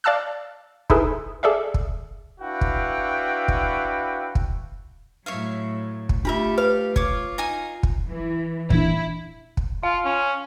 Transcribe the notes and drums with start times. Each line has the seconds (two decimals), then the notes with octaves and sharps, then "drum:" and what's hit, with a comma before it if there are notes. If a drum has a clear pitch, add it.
0.04 D5 F5 A5 E6 F#6
0.90 D#4 E4 G#4 A4 B4, drum: kick
1.43 G#4 A4 D5 E5 F5
1.74 drum: kick
2.40 D4 E4 F#4 B4 F5 G5
2.61 drum: kick
3.48 drum: kick
4.35 drum: kick
5.26 A2 F#3 C#5 E5 F5
6.09 drum: kick
6.25 A3 D4 F4 G4 E5 F5 B5
6.58 B4 F5
6.96 F4 C#5 D6, drum: kick
7.38 D#4 G#5 D#6
7.83 drum: kick
8.09 E3
8.70 A#2 E3 D4 E4, drum: kick
9.57 drum: kick
9.83 F4 F5
10.05 C#4